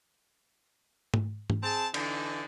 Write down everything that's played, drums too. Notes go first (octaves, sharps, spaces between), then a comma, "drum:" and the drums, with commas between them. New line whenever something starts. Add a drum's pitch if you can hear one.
drum: tom G#2
drum: tom G#2
C4 G#4 A5
D3 E3 D4 D#4, drum: cymbal